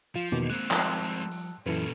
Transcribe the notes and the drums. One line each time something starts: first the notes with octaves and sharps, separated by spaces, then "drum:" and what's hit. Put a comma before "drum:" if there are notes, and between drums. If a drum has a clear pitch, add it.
F3 F4
E2 B2 D#3 A#3
G#3 C4 F#6
F3 G3 D#5 A5 E6 F#6, drum: clap
drum: tambourine
drum: tambourine
F#2 A#2 E3 C#4 A4 B4